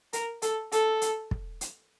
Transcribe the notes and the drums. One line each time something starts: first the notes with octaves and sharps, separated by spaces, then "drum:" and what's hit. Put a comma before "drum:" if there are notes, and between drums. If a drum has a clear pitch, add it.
A#4, drum: hi-hat
A4, drum: hi-hat
A4, drum: hi-hat
drum: hi-hat
drum: kick
drum: hi-hat